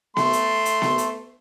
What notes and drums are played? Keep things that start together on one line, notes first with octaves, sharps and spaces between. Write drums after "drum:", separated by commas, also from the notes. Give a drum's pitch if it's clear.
A3 C6, drum: snare B3
drum: hi-hat
drum: hi-hat
drum: snare B3
drum: hi-hat